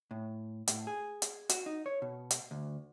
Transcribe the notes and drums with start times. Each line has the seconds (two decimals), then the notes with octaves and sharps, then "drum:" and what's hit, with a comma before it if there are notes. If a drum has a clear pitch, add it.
0.11 A2
0.68 A2, drum: hi-hat
0.87 G#4
1.22 drum: hi-hat
1.49 F#4, drum: hi-hat
1.66 D#4
1.86 C#5
2.02 B2
2.31 drum: hi-hat
2.51 D2